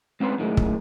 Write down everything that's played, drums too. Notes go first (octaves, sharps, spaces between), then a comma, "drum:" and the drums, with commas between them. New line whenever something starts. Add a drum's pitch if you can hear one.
G#3 C4 C#4 B4 C5
F#2 A2 D#3 G#3
drum: kick